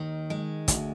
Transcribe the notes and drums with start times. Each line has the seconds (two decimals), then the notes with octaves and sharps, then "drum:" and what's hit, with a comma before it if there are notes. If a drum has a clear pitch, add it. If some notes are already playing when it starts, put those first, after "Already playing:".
Already playing: D#2 D#3
0.30 G#3
0.68 D2, drum: kick, hi-hat